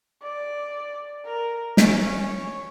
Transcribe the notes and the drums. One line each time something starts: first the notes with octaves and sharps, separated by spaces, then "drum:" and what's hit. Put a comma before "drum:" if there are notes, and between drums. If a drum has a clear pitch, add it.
D5
A#4
C#4, drum: snare
C#5